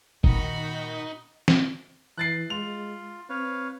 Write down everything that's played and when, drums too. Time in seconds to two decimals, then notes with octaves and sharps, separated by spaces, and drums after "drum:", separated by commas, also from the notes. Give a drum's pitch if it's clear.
0.24 A#2 D#3 D#4 F#4 B5, drum: kick F#1
1.48 drum: snare
2.18 E3 F#6 A6 C7
2.50 G#3 F4 F7
3.29 C4 B4 C#5 F5